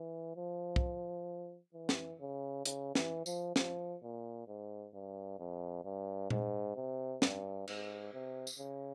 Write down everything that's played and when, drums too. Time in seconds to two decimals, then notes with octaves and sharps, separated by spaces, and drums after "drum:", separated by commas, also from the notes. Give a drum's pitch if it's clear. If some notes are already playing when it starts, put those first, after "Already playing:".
Already playing: E3
0.36 F3
0.76 drum: kick
1.74 E3
1.89 drum: snare
2.20 C#3
2.66 C#3, drum: hi-hat
2.95 E3, drum: snare
3.26 F3, drum: tambourine
3.56 F3, drum: snare
4.02 A#2
4.47 G#2
4.94 G2
5.39 F2
5.84 G2
6.30 G#2, drum: tom A#2
6.76 C3
7.22 G2, drum: snare
7.67 G#2, drum: cymbal
8.13 C3
8.47 drum: tambourine
8.59 C#3